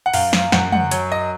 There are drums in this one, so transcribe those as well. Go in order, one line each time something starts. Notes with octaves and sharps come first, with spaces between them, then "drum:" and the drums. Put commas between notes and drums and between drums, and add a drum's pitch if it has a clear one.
F#5
F#2 F5, drum: open hi-hat
F5, drum: snare
F#2 F#5, drum: snare
F#5, drum: tom
F#3 C#5, drum: hi-hat
D#5